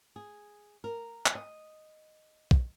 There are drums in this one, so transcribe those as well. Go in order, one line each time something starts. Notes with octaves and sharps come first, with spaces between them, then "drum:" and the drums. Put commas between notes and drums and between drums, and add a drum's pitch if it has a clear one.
G#4
A#4
drum: clap
D#5
drum: kick